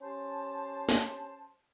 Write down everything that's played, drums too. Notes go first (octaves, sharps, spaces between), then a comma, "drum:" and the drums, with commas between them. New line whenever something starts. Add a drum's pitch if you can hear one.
C#4 G4 C5 A5
drum: snare